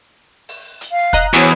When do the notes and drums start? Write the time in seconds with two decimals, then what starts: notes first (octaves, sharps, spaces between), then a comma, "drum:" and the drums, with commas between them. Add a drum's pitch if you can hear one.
0.49 drum: open hi-hat
0.81 drum: hi-hat
0.92 F5
1.13 D#5 A#5 F#6, drum: kick, hi-hat
1.33 E2 E4 F#4 C5 C#5 G#5